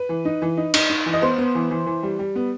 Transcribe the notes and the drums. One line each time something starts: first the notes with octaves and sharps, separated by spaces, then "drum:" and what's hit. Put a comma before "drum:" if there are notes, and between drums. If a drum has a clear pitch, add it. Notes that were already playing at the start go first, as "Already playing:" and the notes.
Already playing: B4
E3
D#4
E3
D#4
D#4, drum: cymbal
D#4
E3
D#5
B3 C5
B3
E3
E3
E3
G3
G3
B3